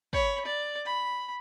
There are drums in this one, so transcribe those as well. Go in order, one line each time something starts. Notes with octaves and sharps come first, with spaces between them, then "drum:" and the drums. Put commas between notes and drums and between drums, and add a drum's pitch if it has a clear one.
C#5 B5, drum: kick
D5
B5